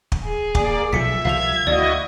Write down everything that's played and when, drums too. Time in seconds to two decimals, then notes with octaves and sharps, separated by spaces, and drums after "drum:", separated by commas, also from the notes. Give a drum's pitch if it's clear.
0.12 drum: kick
0.25 G#4
0.55 A#3 D5 D6, drum: kick
0.93 B1 F3 E5 B6 C#7
1.25 C2 F3 F5 G#6 F7
1.67 D2 E4 F#4 D5 D#5 F5